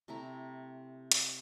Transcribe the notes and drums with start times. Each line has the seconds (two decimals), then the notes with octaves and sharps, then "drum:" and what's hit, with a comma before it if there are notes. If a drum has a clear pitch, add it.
0.08 C3 A3 E4 A#5
1.12 drum: hi-hat